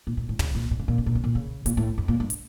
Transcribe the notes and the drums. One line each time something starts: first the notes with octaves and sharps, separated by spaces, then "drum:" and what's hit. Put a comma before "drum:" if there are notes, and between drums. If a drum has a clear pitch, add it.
A#2
A#2
A2
C#3, drum: tom
A#2
A#2
C#3
A#2
C#3
A#2
C#3
A#2
C#3
A#2, drum: hi-hat
A2
F2
A#2
G2
drum: hi-hat